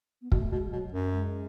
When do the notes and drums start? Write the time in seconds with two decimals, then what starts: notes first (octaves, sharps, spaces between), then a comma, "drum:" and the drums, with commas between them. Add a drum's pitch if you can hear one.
0.22 B3
0.32 B2 A3, drum: kick
0.52 B2 G#3
0.72 B2 F#3
0.92 F#2
1.12 G#3